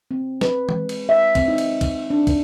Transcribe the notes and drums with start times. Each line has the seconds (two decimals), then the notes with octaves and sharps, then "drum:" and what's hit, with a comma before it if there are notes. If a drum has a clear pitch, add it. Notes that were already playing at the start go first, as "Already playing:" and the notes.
0.11 C4
0.41 B4, drum: snare
0.69 G#3, drum: tom E3
0.89 drum: cymbal
1.09 E5
1.35 C4, drum: kick, cymbal
1.48 D#4
1.58 drum: cymbal
1.81 drum: kick, cymbal
2.10 D4
2.27 drum: kick, cymbal